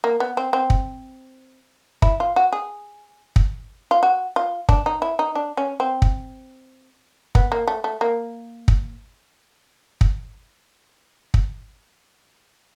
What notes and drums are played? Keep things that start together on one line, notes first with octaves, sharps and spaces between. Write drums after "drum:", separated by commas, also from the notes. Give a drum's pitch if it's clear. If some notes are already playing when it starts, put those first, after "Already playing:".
A#3
B3
C4
C4
drum: kick
E4, drum: kick
F4
F#4
G#4
drum: kick
F4
F#4
F4
D4, drum: kick
D#4
E4
D#4
D4
C#4
C4
drum: kick
B3, drum: kick
A#3
A3
A3
A#3
drum: kick
drum: kick
drum: kick